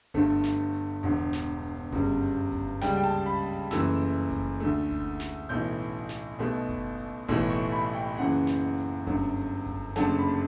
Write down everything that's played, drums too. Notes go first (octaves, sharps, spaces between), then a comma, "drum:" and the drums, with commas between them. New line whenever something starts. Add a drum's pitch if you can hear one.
G1 G2 D3 A3, drum: kick F#1, hi-hat
drum: snare
drum: hi-hat
E1 E2 D3, drum: hi-hat
drum: snare
drum: hi-hat
G1 F#2 C#3 G3, drum: kick F#1, hi-hat
drum: hi-hat
drum: kick F#1, hi-hat
C#2 C#3 G3 G5, drum: snare
G5
A5
B5
drum: hi-hat
F#1 F#2 E3 A3 E6, drum: snare
drum: hi-hat
drum: kick F#1, hi-hat
D2 D3 A3, drum: hi-hat
drum: kick F#1, hi-hat
drum: snare
B1 A2 E3 G6, drum: hi-hat
drum: hi-hat
drum: snare
B1 B2 A3, drum: hi-hat
drum: kick F#1, hi-hat
drum: hi-hat
B1 A2 E3 A3, drum: kick F#1, hi-hat
C#6
B5
G5
F#1 F#2 C#3 E3 F#5, drum: hi-hat
drum: snare
drum: hi-hat
G1 F#2 D3 F#3 A3, drum: kick F#1, hi-hat
drum: hi-hat
drum: kick F#1, hi-hat
F#1 F#2 D3 F#3 A3 A5, drum: snare
B5